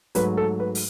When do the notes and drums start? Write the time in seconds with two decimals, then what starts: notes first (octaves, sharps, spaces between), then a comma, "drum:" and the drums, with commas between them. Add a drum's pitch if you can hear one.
0.15 G#2 F#3 A3 B4, drum: hi-hat
0.37 A4
0.60 B4
0.75 drum: open hi-hat